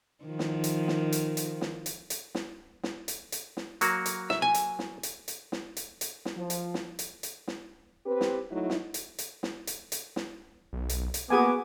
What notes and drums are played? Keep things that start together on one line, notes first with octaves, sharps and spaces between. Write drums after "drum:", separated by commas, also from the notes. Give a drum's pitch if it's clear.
D#3 F3
drum: snare
drum: hi-hat
drum: snare
drum: hi-hat
drum: hi-hat
drum: snare
drum: hi-hat
drum: hi-hat
drum: snare
drum: snare
drum: hi-hat
drum: hi-hat
drum: snare
F#3 A#3 F#4, drum: hi-hat
drum: hi-hat
E5, drum: snare
G#5
drum: hi-hat
drum: snare
drum: hi-hat
drum: hi-hat
drum: snare
drum: hi-hat
drum: hi-hat
drum: snare
F3
drum: hi-hat
drum: snare
drum: hi-hat
drum: hi-hat
drum: snare
C4 G4 B4
drum: snare
F#3 A3 D#4 E4
drum: snare
drum: hi-hat
drum: hi-hat
drum: snare
drum: hi-hat
drum: hi-hat
drum: snare
B1
drum: hi-hat
drum: hi-hat
A#3 B3 F#4 G#4 G#5 D6